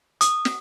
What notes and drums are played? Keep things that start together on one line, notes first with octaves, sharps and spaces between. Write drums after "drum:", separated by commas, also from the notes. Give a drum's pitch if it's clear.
D#6, drum: hi-hat
drum: snare